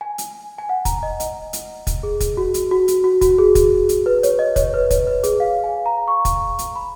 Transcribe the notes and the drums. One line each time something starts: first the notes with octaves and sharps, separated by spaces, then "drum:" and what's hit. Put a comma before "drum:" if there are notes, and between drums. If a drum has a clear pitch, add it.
G#5
drum: hi-hat
G#5
F#5
A#5, drum: kick, hi-hat
D#5
D#5, drum: hi-hat
drum: hi-hat
drum: kick, hi-hat
G#4
drum: kick, hi-hat
F#4
drum: hi-hat
F#4
drum: hi-hat
F#4
F#4, drum: kick, hi-hat
G#4
drum: kick, hi-hat
drum: hi-hat
B4
C#5, drum: hi-hat
D#5
C#5, drum: kick, hi-hat
B4
C#5, drum: kick, hi-hat
B4
G#4, drum: hi-hat
F5
G#5
A#5
C#6
drum: kick, hi-hat
drum: hi-hat
B5